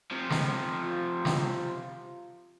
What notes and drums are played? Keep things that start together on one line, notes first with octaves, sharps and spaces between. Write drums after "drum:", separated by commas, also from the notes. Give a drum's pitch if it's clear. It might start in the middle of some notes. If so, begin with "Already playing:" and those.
C3 F3
drum: snare
F4
drum: snare